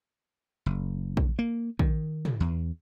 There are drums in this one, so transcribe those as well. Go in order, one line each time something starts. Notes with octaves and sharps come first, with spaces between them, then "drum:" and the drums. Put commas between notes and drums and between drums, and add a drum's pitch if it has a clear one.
F#1
drum: kick
A#3
D#3, drum: kick
drum: tom
E2